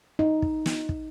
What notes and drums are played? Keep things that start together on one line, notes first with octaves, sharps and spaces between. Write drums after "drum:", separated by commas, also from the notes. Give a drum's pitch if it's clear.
D#4
drum: kick
drum: snare
drum: kick